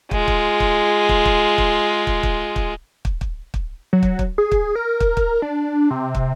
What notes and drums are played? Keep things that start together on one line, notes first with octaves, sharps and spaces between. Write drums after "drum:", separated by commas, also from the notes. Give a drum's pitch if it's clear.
G#3 F4, drum: kick
drum: kick
drum: kick
drum: kick
drum: kick
drum: kick
drum: kick
drum: kick
drum: kick
drum: kick
drum: kick
drum: kick
F#3
drum: kick
drum: kick
G#4
drum: kick
A#4
drum: kick
drum: kick
D4
C3
drum: kick